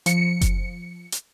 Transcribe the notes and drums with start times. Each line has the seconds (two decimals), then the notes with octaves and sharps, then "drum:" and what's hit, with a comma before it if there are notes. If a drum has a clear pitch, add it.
0.06 F3 C#7, drum: hi-hat
0.41 drum: kick F#1, hi-hat
1.12 drum: hi-hat